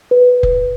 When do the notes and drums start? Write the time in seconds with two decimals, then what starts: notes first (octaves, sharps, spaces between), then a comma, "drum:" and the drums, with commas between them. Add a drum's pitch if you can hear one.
0.11 B4
0.43 drum: kick F1